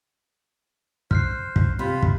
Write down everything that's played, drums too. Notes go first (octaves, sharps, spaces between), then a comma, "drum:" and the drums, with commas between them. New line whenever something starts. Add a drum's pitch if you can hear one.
C5 F6 F#6 C7, drum: kick
drum: kick
C3 F4 B5
drum: kick